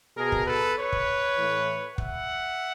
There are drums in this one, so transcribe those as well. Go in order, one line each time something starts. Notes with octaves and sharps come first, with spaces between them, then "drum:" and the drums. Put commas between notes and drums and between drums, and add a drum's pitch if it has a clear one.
B2 G#4 A#4
drum: kick
A4 B4
B4 C#5
drum: kick
A2 E3
E5 F#5, drum: kick